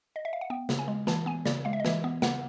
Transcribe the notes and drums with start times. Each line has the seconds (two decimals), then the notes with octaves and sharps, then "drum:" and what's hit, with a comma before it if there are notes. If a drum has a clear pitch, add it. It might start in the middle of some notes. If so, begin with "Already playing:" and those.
0.16 D#5
0.25 E5
0.33 F5
0.41 F#5
0.50 B3 G5
0.69 C#3, drum: snare
0.79 G#5
0.88 G#3
1.07 E3 A5, drum: snare
1.26 B3 G#5
1.46 C#3 D5, drum: snare
1.65 G#3 F5
1.73 E5
1.80 D#5
1.85 E3 E5, drum: snare
2.04 B3
2.22 C#3 F#5, drum: snare